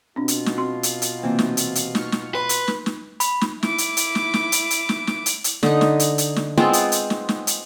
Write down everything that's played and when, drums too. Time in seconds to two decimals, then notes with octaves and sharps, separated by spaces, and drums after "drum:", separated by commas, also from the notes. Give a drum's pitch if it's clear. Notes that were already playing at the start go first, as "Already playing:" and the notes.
0.16 B2 C4 D4 F4
0.28 drum: hi-hat
0.46 drum: snare
0.57 C4 F#4 C6
0.83 drum: hi-hat
1.02 drum: hi-hat
1.23 C3 E3 A#3 C4
1.39 drum: snare
1.57 drum: hi-hat
1.75 drum: hi-hat
1.95 C#6 F6, drum: snare
2.12 drum: snare
2.35 B4 C6
2.49 drum: hi-hat
2.68 drum: snare
2.86 drum: snare
3.20 B5, drum: hi-hat
3.41 drum: snare
3.63 E4 D6, drum: snare
3.78 drum: hi-hat
3.97 drum: hi-hat
4.15 drum: snare
4.34 drum: snare
4.52 drum: hi-hat
4.70 drum: hi-hat
4.89 drum: snare
5.07 drum: snare
5.26 drum: hi-hat
5.44 drum: hi-hat
5.63 D3 D#4, drum: snare
5.81 drum: snare
6.00 drum: hi-hat
6.18 drum: hi-hat
6.36 drum: snare
6.57 G#3 B3 C4 F4, drum: snare
6.73 drum: hi-hat
6.92 drum: hi-hat
7.10 drum: snare
7.29 drum: snare
7.47 drum: hi-hat